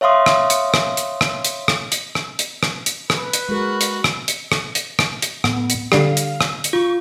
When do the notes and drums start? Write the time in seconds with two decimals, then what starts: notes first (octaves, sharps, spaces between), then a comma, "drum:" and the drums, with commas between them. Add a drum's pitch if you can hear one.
0.01 C#5 E5 F5 C6 D#6
0.26 drum: rim click
0.50 drum: hi-hat
0.74 drum: rim click
0.97 drum: hi-hat
1.21 drum: rim click
1.44 drum: hi-hat
1.68 drum: rim click
1.92 drum: hi-hat
2.15 drum: rim click
2.39 drum: hi-hat
2.63 drum: rim click
2.86 drum: hi-hat
3.10 B4, drum: rim click
3.33 drum: hi-hat
3.49 G#3 F#4 A#4
3.81 drum: hi-hat
4.04 drum: rim click
4.28 drum: hi-hat
4.52 drum: rim click
4.75 drum: hi-hat
4.99 drum: rim click
5.22 drum: hi-hat
5.44 A2 B3, drum: rim click
5.70 drum: hi-hat
5.92 D3 G3 F5, drum: rim click
6.17 drum: hi-hat
6.41 drum: rim click
6.64 drum: hi-hat
6.73 F4 C#6